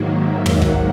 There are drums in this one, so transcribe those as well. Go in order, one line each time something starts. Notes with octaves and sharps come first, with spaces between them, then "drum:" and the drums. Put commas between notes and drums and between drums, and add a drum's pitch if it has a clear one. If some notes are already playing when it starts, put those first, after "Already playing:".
Already playing: G#2 D#3 F#3 A#3
E5
F#5, drum: tom
drum: kick